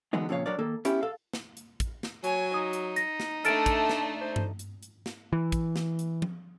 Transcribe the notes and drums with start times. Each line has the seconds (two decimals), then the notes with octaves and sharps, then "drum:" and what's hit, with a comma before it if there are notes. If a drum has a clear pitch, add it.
0.13 D3 E3 F#3 G#3 B3 D#4
0.29 F2 A#2 C#3 E4 C#5 F5
0.46 F#3 D4 A#4 C#5 D5
0.59 D#3 A#3 A4
0.85 B3 C#4 E4 G4, drum: hi-hat
1.02 A4 F5
1.33 drum: snare
1.57 drum: hi-hat
1.80 drum: kick, hi-hat
2.03 drum: snare
2.24 F#3 C#5 G#5, drum: hi-hat
2.54 D#4 D#6
2.73 drum: hi-hat
2.96 A#6, drum: hi-hat
3.20 drum: snare
3.45 A3 D4 A4 F6 A6 D7, drum: hi-hat
3.66 drum: kick, hi-hat
3.89 drum: snare
4.21 C5
4.36 drum: tom G2
4.59 drum: hi-hat
4.83 drum: hi-hat
5.06 drum: snare
5.33 E3
5.52 drum: kick, hi-hat
5.76 drum: snare
5.99 drum: hi-hat
6.22 drum: tom F3